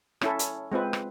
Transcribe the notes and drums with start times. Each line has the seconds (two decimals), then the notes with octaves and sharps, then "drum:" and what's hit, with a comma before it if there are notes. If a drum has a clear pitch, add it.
0.21 C#4 E4 A4, drum: rim click
0.39 drum: hi-hat
0.72 G#3 C4 F4 B4
0.93 drum: rim click